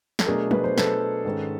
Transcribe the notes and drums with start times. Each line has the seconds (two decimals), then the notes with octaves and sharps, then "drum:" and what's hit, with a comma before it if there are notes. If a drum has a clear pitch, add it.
0.19 A4, drum: snare
0.26 B2 F#3 A3 D4 G#4 A#4
0.51 B4, drum: tom F3
0.64 C5
0.78 A4 B4, drum: snare
1.25 G#2 D#3 G#3 C#4